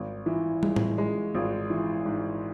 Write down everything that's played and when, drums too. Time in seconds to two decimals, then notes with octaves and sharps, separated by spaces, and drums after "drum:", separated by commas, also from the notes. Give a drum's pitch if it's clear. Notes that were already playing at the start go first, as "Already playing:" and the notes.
Already playing: G#1
0.26 E3
0.63 G#3, drum: tom
0.76 drum: tom A2
0.98 G#3
1.34 G#1
1.70 E3
2.06 G#2